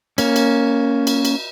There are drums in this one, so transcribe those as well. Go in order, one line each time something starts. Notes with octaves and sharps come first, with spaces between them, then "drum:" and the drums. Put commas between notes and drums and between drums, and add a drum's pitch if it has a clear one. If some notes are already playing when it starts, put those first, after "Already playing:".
A#3 C#4, drum: cymbal
drum: cymbal
drum: cymbal
drum: cymbal